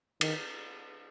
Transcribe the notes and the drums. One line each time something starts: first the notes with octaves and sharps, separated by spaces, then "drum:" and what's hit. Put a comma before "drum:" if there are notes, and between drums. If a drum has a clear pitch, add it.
D#3, drum: cymbal